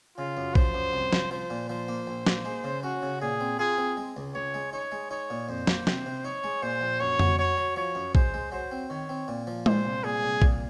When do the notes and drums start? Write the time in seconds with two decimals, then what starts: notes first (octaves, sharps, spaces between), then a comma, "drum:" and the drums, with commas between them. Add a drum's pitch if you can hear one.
0.18 C#3 F4
0.37 F#2
0.55 F3 C5, drum: kick A#1
0.74 F#2
0.93 C2
1.13 F3, drum: snare
1.31 F3 C5
1.50 A#2
1.69 F3 C5
1.88 A#3
2.07 A#1
2.27 A#3, drum: snare
2.45 G#3
2.64 C#3
2.83 C#4 F#4
3.02 C#3
3.21 A#2 G#4
3.40 C4
3.59 F4 G#4
3.78 C4
3.97 G#3
4.17 C#2
4.34 C#2 C#5
4.54 G#3
4.73 D#4 C#5
4.92 G#3
5.11 D#4 C#5
5.30 A#2
5.49 F2 C5
5.67 A#3, drum: snare
5.87 C3, drum: snare
6.06 C3
6.25 D#4 C#5
6.44 G#3
6.63 A#2 C5
6.81 A#1
7.00 F#2 C#5
7.19 F#3, drum: tom F2
7.39 F#3 C#5
7.57 F#3
7.76 F3 C#5
7.95 F#2
8.15 G#3 C5, drum: kick A#1
8.34 G#3
8.52 F#3 C5
8.71 C4
8.90 D#3 C#5
9.09 C4
9.28 A#2
9.47 F3
9.66 A#2 C5, drum: tom G#3
9.85 C2
10.04 A#2 G#4
10.23 C2
10.42 A#2, drum: kick A#1